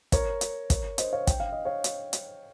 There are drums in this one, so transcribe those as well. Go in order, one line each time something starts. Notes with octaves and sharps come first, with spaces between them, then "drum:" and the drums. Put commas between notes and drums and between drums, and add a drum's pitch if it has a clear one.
A#4 C#5, drum: kick, hi-hat
drum: hi-hat
A#4 C#5, drum: kick, hi-hat
C5 D#5, drum: hi-hat
C#5 F5
G5, drum: kick, hi-hat
F5
D#5
C#5 F5
drum: hi-hat
drum: hi-hat